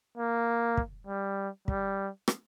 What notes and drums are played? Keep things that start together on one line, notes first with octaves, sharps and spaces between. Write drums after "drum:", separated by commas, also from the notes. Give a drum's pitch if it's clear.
A#3
drum: kick
G3
G3, drum: kick
drum: rim click